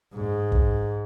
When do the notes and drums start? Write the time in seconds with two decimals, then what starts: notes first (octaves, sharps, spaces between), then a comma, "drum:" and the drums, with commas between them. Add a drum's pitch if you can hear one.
0.14 G#2
0.52 drum: kick